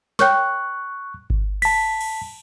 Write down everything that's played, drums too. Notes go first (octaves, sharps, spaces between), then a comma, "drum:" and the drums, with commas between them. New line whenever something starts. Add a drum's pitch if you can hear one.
A#4 C#5 G5 C#6 F#6, drum: snare
drum: kick G1
A5 B6, drum: cymbal
drum: cymbal